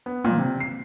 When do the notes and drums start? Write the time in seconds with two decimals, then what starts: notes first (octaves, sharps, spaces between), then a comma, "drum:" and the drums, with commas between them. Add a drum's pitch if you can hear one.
0.06 B3
0.25 A#2, drum: tom
0.38 C3
0.60 C7